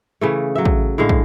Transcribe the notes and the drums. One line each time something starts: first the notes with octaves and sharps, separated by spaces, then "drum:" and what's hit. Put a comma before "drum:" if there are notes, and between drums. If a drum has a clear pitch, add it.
C#3 E3 A3
F#3 E5
drum: kick
A2 D3 G#3 F5
drum: kick